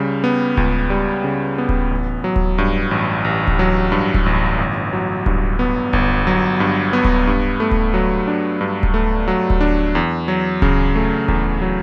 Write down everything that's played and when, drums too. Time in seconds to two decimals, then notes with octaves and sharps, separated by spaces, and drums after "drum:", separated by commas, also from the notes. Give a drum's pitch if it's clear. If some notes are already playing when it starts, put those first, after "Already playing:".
Already playing: C#2 C#3 G3
0.24 B3
0.57 C#2, drum: kick D1
0.90 G3
1.24 C#3
1.58 B3
1.69 drum: kick D1
1.91 A1
2.24 F#3
2.36 drum: kick D1
2.58 G2
2.91 A1
3.25 A1
3.47 drum: kick D1
3.59 F#3
3.92 G2
4.14 drum: kick D1
4.26 A1
4.59 G1
4.93 F#3
5.26 G2, drum: kick D1
5.59 B3
5.93 G1, drum: kick D1
6.27 F#3
6.60 G2
6.93 B3
7.04 drum: kick D1
7.27 G2
7.60 A3
7.71 drum: kick D1
7.94 F#3
8.27 D4
8.61 G2
8.83 drum: kick D1
8.94 A3
9.28 F#3
9.50 drum: kick D1
9.61 D4
9.95 E2
10.28 F#3
10.62 C#3, drum: kick D1
10.96 A3
11.28 E2, drum: kick D1
11.62 F#3